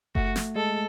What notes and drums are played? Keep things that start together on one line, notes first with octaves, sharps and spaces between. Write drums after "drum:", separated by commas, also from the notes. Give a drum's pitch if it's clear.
A3 F#4, drum: kick F#1
drum: snare
G#3 A4